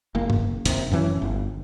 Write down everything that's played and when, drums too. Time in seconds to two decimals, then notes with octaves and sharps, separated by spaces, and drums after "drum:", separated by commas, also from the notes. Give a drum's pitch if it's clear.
0.15 F#1 A#3
0.30 drum: tom G2
0.65 F#1 D#2 C3, drum: hi-hat
0.91 F#2 E3 C#4
1.22 G1